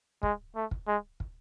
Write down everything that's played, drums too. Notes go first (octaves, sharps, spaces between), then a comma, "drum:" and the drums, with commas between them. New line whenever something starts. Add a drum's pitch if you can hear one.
G#3, drum: kick
A3
drum: kick
G#3
drum: kick